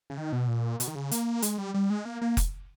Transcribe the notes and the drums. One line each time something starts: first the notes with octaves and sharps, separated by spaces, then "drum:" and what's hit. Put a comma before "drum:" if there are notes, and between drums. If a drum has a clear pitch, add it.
C#3
D#3
B2
A#2
B2, drum: hi-hat
D#3
C#3
A#3, drum: hi-hat
G#3, drum: hi-hat
G3
G3
G#3
A#3
A#3
drum: kick F1, hi-hat